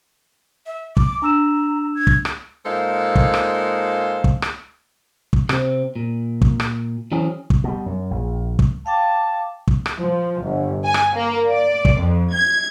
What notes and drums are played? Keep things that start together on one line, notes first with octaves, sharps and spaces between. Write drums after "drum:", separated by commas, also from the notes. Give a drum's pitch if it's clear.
E5
D6, drum: kick
D4 A#5 E6 E7
G#6
drum: kick
drum: rim click
A#2 G#3 D#4 A4 C5 F5
drum: kick
drum: rim click
drum: kick
drum: rim click
drum: kick
C3 C4, drum: rim click
A#2
drum: kick
drum: rim click
E3 F#3 C4 C#4 G#4
drum: kick
B2 G3
F#2
A#1
drum: kick
F5 G5 A5 D6
drum: kick
drum: rim click
F3
G1
G#5
drum: rim click
A#3
D5
drum: kick
F2
G#6